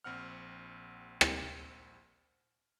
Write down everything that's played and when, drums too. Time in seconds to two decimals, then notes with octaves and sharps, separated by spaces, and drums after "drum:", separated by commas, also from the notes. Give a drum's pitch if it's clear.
0.04 A#1 C4 F#5 F6
1.21 drum: rim click